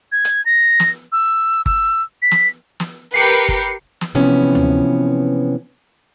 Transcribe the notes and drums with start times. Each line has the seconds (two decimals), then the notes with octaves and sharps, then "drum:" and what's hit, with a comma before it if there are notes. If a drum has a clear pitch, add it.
0.12 G#6
0.25 drum: hi-hat
0.46 A#6
0.80 drum: snare
1.12 E6
1.66 E6, drum: kick G1
2.22 B6
2.31 drum: snare
2.80 drum: snare
3.14 G4 A#4 B4 C7 C#7
3.49 drum: kick G1
4.01 drum: snare
4.15 C3 E3 F3 B3 C#4, drum: hi-hat
4.55 drum: tom D2